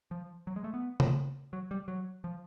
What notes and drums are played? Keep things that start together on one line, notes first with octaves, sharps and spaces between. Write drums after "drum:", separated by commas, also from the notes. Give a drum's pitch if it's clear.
F3
F#3
G#3
A3
B3
drum: tom
F#3
G3
F#3
F3